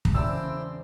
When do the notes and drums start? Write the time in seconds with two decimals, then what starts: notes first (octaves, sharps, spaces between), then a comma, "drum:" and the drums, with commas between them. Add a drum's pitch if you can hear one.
0.05 drum: kick
0.14 E1 C#3 C4 E4 D5 G5 C6 E6